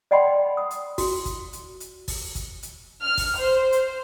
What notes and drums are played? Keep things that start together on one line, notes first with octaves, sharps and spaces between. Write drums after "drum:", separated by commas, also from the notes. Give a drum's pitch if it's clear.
D5 D#5 F#5 G5 B5 C6
D#6
drum: hi-hat
F#4, drum: kick, open hi-hat
drum: kick, hi-hat
drum: hi-hat
drum: hi-hat
drum: kick, open hi-hat
drum: kick, hi-hat
drum: hi-hat
F6
drum: kick, open hi-hat
C5
drum: hi-hat